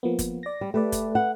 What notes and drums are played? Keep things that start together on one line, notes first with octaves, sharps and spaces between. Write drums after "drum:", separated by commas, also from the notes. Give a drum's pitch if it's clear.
F3 A#3 B3
drum: kick, hi-hat
D5 A#6
G3
A3 G4 B4 D5
drum: kick, hi-hat
B4 F#5